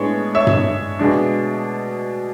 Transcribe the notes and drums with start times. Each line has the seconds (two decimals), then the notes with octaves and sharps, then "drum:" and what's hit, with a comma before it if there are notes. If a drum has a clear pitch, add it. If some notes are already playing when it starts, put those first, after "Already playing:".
Already playing: A2 G#3 B3 D4 C#5
0.35 C#5 E5
0.47 drum: tom G2
0.99 B2 G#3 D4